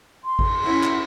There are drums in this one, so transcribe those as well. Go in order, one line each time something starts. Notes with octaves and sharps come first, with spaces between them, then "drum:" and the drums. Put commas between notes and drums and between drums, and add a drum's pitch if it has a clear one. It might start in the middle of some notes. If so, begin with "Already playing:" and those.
C6
drum: kick G#1, cymbal
C#4 E4 F#4, drum: cymbal
drum: clap